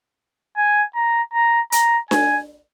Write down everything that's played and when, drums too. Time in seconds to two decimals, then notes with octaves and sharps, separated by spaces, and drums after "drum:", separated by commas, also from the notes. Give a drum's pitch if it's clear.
0.57 G#5
0.95 A#5
1.34 A#5
1.72 A#5, drum: hi-hat
2.11 G#5, drum: snare D4